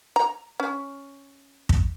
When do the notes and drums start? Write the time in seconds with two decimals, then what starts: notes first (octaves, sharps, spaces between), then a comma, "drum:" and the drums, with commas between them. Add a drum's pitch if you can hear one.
0.16 A#5
0.60 C#4
1.69 drum: kick